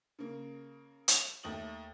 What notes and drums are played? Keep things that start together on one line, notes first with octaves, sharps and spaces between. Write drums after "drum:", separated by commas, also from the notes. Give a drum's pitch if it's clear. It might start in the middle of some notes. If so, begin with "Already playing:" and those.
C#3 A#3
drum: hi-hat
D#2 A3 D#6 F#7